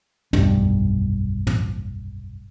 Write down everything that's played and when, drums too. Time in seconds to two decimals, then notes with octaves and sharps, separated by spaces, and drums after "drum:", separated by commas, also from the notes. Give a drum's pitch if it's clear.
0.33 F1 B1 G2 D4, drum: tom
1.47 drum: tom